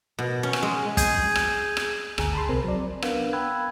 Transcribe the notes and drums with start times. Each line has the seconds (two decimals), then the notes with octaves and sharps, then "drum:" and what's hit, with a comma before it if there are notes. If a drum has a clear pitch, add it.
0.19 B2
0.43 C#4
0.53 drum: rim click
0.63 G#3
0.97 G#4 G6 G#6 D#7, drum: kick, hi-hat
1.35 drum: rim click
1.77 drum: rim click
2.18 G1 D2 G#4 G#5 A#5, drum: rim click
2.33 A5 B5 C6
2.49 C2 C4 A#4 A#5
2.64 F#3 D5
3.02 B3 D4 A#4 B4 F5 F#5, drum: rim click
3.33 G5 B5 E6 F#6 G#6